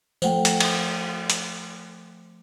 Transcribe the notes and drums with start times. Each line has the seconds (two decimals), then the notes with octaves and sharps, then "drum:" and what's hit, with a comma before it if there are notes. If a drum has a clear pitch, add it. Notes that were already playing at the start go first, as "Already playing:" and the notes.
0.22 F3 A3 C5 F#5 G5, drum: tambourine
0.45 drum: hi-hat
0.60 drum: cymbal
1.30 drum: hi-hat